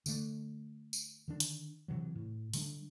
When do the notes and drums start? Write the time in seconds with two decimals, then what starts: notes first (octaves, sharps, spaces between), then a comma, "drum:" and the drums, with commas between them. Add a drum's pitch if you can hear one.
0.06 D3 A3, drum: tambourine
0.93 drum: tambourine
1.28 D3 D#3 D4
1.40 drum: hi-hat
1.88 C3 E3 F#3
2.15 A2
2.54 D3 G3 A3 D4, drum: open hi-hat